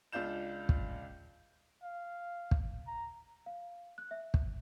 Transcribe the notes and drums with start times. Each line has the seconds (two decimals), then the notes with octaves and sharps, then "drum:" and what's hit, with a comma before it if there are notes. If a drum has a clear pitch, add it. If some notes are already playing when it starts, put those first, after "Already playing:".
0.12 C#2 D4 F4 G6 E7
0.69 drum: kick
1.83 F5
2.51 drum: kick
2.87 A#5
3.46 F5
3.98 F#6
4.11 E5
4.34 drum: kick